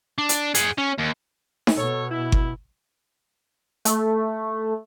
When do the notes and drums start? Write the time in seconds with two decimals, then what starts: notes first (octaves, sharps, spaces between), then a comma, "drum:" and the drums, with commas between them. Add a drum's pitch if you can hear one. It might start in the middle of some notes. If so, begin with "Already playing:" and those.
0.18 D4
0.29 drum: hi-hat
0.55 G#4 F#5, drum: hi-hat
0.78 C#4
0.98 D#2
1.67 drum: snare D#4
1.76 B2 A4 C#5
2.11 E4
2.32 drum: kick G1
3.85 A3, drum: hi-hat